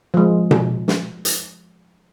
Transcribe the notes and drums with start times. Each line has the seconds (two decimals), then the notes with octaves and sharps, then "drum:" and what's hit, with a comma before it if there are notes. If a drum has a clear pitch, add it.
0.14 F3 G#3
0.51 drum: tom B2
0.88 drum: snare
1.25 drum: hi-hat